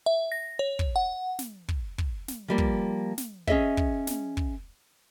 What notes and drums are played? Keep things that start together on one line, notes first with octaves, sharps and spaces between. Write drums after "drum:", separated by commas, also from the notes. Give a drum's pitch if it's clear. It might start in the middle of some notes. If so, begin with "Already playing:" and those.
E5
A#6
C#5
drum: kick
F#5
drum: snare
drum: kick
drum: kick
drum: snare
F3 G3 A#3
drum: kick
drum: snare
C#4 G#4 D#5 E5, drum: kick
drum: kick
drum: snare
drum: kick